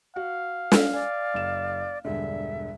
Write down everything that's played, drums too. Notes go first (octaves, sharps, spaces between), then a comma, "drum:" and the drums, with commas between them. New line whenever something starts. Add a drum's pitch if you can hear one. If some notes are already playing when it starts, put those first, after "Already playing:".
F#4 F5
drum: snare
D5 G#5
F#1 E7
E1 G2 D3 E5